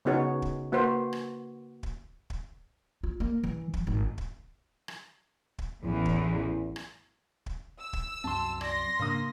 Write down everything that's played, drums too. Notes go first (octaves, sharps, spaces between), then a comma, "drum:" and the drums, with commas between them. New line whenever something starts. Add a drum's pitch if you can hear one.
C#3 B3 D#4 F#4 G#4 C#5
drum: kick
A#3 F#4 B4 C5
drum: rim click
drum: kick
drum: kick
F4
A#3
E3
F2, drum: kick
G#1
drum: kick
drum: rim click
drum: kick
A1 E2
drum: kick
drum: rim click
drum: kick
E6
drum: kick
C2 F#2 C4 A5 C6
D5 C6 A#6, drum: rim click
G#2 C#3 A#3 D4 D#6